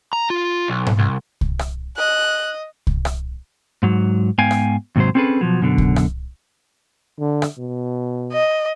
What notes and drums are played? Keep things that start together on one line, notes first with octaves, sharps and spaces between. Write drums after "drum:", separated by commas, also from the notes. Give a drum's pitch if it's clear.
A#5
F4
B1
drum: tom G#2
C2
drum: kick C2
drum: rim click
D#5 F#6
drum: kick C2
drum: rim click
G#2 F#3
G#2 B3 F5 G5 G#5
drum: rim click
D#2 G#2 C3 F#3 C5
C4 C#4 G#4 A4 B4
B2 F3 F#3
F#2 B2 D3
drum: kick C2
drum: rim click
D3
drum: rim click
B2
D#5